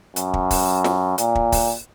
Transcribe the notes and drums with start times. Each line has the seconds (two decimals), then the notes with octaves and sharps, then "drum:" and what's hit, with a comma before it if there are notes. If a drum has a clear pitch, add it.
0.16 F#2, drum: hi-hat
0.34 drum: kick
0.51 drum: kick, open hi-hat
0.84 drum: snare
1.18 A#2, drum: hi-hat
1.35 drum: kick
1.52 drum: kick, open hi-hat